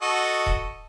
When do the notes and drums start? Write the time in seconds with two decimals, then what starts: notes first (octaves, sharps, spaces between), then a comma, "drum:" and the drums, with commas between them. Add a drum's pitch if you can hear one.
0.02 F#4 A4 D#5
0.46 drum: kick D#1